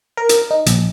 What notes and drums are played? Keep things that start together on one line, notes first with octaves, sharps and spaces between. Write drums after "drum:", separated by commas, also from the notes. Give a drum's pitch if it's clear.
A#4
drum: hi-hat
D#4
A#1, drum: hi-hat